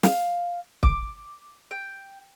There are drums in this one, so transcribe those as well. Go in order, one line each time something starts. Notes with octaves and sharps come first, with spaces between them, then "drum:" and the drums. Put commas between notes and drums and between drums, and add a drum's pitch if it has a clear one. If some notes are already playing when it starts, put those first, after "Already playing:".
F5, drum: snare
D6, drum: kick
G5